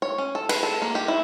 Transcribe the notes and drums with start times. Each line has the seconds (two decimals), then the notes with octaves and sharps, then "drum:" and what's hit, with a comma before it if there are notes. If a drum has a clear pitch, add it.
0.02 C#5
0.18 C#4
0.35 A4
0.49 B4, drum: cymbal
0.63 A4
0.82 A#3
0.95 G4
1.08 E4